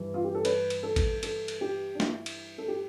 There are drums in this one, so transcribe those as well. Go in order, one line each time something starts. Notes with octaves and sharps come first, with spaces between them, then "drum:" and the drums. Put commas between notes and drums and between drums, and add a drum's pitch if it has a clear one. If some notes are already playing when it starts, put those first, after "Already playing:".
Already playing: G2 E3
F4
G4
A4
B4, drum: cymbal
drum: cymbal
A4
drum: kick G#1, cymbal
A4, drum: cymbal
drum: cymbal
G4
D4
E4, drum: snare
drum: cymbal
A4
G4